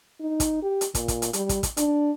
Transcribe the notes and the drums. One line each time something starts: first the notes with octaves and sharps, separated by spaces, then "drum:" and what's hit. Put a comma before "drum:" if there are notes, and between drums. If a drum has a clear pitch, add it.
D#4
drum: kick, hi-hat
G4
drum: hi-hat
A#2, drum: kick, hi-hat
drum: kick, hi-hat
drum: hi-hat
G3, drum: hi-hat
drum: kick, hi-hat
drum: kick, hi-hat
D4, drum: hi-hat